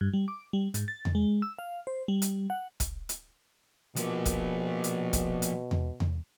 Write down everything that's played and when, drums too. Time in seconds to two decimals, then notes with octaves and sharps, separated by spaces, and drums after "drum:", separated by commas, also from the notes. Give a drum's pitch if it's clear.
0.01 G2
0.14 G3
0.28 D6
0.53 G3
0.74 G#2, drum: hi-hat
0.88 A6
1.05 drum: tom E2
1.15 G#3
1.42 E6
1.59 F5
1.87 C5
2.08 G3
2.22 drum: hi-hat
2.50 F#5
2.80 drum: kick, hi-hat
3.09 drum: hi-hat
3.96 B2 F3 A#3, drum: hi-hat
4.25 drum: kick, hi-hat
4.84 drum: hi-hat
5.13 drum: kick, hi-hat
5.42 drum: hi-hat
5.71 drum: tom E2
6.00 drum: tom E2